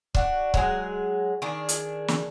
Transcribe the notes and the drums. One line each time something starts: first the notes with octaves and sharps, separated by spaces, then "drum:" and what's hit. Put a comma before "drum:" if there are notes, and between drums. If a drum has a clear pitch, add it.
D4 F#4, drum: kick
F#3 G#3 G#4, drum: kick
D#3 D4 G#4
drum: hi-hat
drum: snare